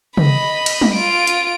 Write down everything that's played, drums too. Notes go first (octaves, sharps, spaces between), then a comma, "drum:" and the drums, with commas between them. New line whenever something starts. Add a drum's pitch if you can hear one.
D#5 B5, drum: tom
drum: cymbal
drum: tom
F4 D7
drum: hi-hat